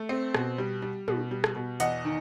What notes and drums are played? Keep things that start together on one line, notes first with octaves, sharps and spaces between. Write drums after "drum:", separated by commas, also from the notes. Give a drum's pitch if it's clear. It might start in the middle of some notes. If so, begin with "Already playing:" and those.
Already playing: A3
C4
B2, drum: rim click
G3
G3
B2, drum: tom
G3
drum: rim click
B2
E2 D#5 F#5, drum: hi-hat
D#3